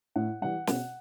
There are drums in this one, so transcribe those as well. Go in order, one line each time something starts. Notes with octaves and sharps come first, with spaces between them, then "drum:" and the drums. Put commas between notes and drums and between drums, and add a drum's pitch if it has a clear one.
A2 F#5
E3 G3 F#5
B2 F#5, drum: snare